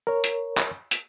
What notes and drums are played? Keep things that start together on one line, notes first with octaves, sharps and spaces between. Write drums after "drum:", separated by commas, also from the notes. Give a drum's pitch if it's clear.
A#4 C#5
drum: hi-hat
drum: clap
drum: hi-hat